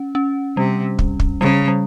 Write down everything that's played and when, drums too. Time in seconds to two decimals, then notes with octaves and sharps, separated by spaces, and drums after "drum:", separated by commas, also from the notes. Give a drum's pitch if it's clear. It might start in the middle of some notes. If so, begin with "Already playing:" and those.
Already playing: C#4
0.15 C#4
0.57 C3 G3
0.99 drum: kick
1.20 drum: kick
1.41 C#3 G3
1.68 G3